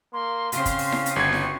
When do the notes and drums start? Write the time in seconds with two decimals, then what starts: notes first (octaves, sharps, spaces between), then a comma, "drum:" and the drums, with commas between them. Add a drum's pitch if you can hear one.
0.13 A#3 C6
0.52 C#3 C4 F5, drum: hi-hat
0.66 drum: kick, hi-hat
0.79 drum: open hi-hat
0.92 drum: snare E4
1.06 drum: hi-hat
1.16 G1 F#4 G#6 C#7
1.33 drum: snare E4